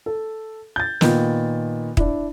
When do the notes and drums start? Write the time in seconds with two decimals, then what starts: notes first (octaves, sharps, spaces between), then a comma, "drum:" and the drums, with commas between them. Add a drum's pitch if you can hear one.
0.06 A4
0.76 G6 A6
1.01 A#2 D#3 B3, drum: snare
1.97 D4 E4, drum: kick